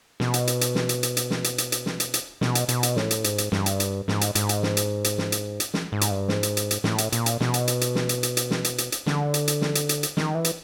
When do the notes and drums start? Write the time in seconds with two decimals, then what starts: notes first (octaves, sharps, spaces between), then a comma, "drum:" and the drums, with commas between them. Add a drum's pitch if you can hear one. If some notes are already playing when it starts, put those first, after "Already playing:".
0.20 B2, drum: snare
0.34 drum: hi-hat
0.47 drum: hi-hat
0.61 drum: hi-hat
0.75 drum: snare
0.89 drum: hi-hat
1.03 drum: hi-hat
1.17 drum: hi-hat
1.31 drum: snare
1.44 drum: hi-hat
1.58 drum: hi-hat
1.72 drum: hi-hat
1.86 drum: snare
2.00 drum: hi-hat
2.14 drum: hi-hat
2.41 B2, drum: snare
2.55 drum: hi-hat
2.69 B2, drum: hi-hat
2.83 drum: hi-hat
2.96 A2, drum: snare
3.11 drum: hi-hat
3.24 G#2, drum: hi-hat
3.38 drum: hi-hat
3.52 G2, drum: snare
3.66 drum: hi-hat
3.80 drum: hi-hat
4.08 G#2, drum: snare
4.21 drum: hi-hat
4.35 G#2, drum: hi-hat
4.49 drum: hi-hat
4.63 drum: snare
4.77 drum: hi-hat
5.04 drum: hi-hat
5.18 drum: snare
5.32 drum: hi-hat
5.60 drum: hi-hat
5.74 drum: snare
5.92 G#2
6.01 drum: hi-hat
6.11 G2
6.28 G#2, drum: snare
6.43 drum: hi-hat
6.57 drum: hi-hat
6.71 drum: hi-hat
6.84 A2, drum: snare
6.98 drum: hi-hat
7.12 A#2, drum: hi-hat
7.26 drum: hi-hat
7.40 B2, drum: snare
7.54 drum: hi-hat
7.68 drum: hi-hat
7.81 drum: hi-hat
7.95 drum: snare
8.09 drum: hi-hat
8.23 drum: hi-hat
8.37 drum: hi-hat
8.51 drum: snare
8.64 drum: hi-hat
8.78 drum: hi-hat
8.92 drum: hi-hat
9.06 D3, drum: snare
9.34 drum: hi-hat
9.48 drum: hi-hat
9.61 drum: snare
9.75 drum: hi-hat
9.89 drum: hi-hat
10.03 drum: hi-hat
10.17 D#3, drum: snare
10.35 E3
10.44 drum: hi-hat